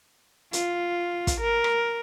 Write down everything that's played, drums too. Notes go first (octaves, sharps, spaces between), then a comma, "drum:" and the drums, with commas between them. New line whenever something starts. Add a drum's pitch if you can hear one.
F4, drum: hi-hat
drum: kick, hi-hat
A#4
drum: rim click